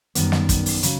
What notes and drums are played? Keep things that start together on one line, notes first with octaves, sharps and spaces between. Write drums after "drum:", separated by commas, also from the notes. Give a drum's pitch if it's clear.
F#2 D#3 G3 B3, drum: hi-hat
drum: snare
drum: kick, hi-hat
drum: open hi-hat
C#3 F#3, drum: hi-hat